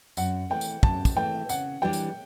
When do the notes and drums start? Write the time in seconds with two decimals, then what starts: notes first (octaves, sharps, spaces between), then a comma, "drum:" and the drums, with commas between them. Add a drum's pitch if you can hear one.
0.17 F#2 F#5, drum: tambourine
0.50 E3 A3 G5
0.61 drum: tambourine
0.83 F#2 A5, drum: kick
1.05 drum: kick, tambourine
1.16 E3 A3 G5
1.49 C#3 F#5, drum: tambourine
1.82 E3 G3 D4 G4 G5
1.93 drum: tambourine